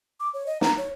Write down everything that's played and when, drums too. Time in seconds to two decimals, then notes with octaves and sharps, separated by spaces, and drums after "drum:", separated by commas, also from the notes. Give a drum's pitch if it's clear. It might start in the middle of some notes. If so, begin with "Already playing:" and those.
0.20 D6
0.33 C#5
0.46 D#5
0.61 A#5, drum: snare
0.77 C#5